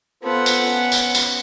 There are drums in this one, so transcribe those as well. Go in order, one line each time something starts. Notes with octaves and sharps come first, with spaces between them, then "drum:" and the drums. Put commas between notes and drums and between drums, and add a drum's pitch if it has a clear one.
B3 F4 A4 C5 F#5
drum: tambourine
C#4
drum: tambourine
drum: tambourine